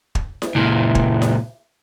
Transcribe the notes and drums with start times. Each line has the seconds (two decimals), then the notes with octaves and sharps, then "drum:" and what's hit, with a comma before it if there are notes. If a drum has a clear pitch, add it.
0.15 drum: kick
0.42 drum: snare E4
0.55 C#2 A#2 E4
0.95 drum: kick
1.22 drum: snare E4